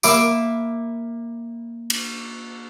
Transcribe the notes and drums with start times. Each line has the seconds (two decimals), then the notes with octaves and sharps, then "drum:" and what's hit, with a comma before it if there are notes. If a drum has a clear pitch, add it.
0.03 A#3 E5 B5 D6 D7, drum: tambourine
1.90 drum: cymbal